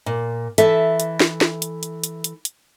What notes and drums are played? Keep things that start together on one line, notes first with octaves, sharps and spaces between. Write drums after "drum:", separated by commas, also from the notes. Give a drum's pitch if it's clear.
A#2
E3 A4 E5, drum: hi-hat
drum: hi-hat
drum: snare
drum: snare
drum: hi-hat
drum: hi-hat
drum: hi-hat
drum: hi-hat
drum: hi-hat